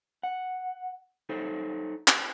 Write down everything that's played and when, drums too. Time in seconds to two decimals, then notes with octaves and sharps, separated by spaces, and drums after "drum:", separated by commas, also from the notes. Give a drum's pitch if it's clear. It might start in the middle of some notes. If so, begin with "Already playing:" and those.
0.23 F#5
1.29 D#4 A4 C5 C#5
2.08 drum: clap